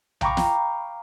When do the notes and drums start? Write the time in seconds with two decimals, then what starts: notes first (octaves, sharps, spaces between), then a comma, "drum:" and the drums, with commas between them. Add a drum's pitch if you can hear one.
0.21 F5 G5 A#5 B5 C#6 D6, drum: tom B1
0.37 drum: snare